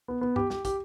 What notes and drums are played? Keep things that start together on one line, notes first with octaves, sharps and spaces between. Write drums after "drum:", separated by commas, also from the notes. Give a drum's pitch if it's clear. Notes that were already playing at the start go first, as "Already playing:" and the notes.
B3
B3
G4, drum: tom G2
G4, drum: snare
G4, drum: kick, hi-hat